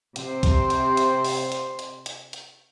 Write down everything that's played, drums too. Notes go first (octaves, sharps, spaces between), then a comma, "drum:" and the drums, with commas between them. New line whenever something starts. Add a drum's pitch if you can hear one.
C3 C5, drum: hi-hat
drum: kick C2, hi-hat
drum: hi-hat
drum: hi-hat
drum: open hi-hat
drum: hi-hat
drum: hi-hat
drum: hi-hat
drum: hi-hat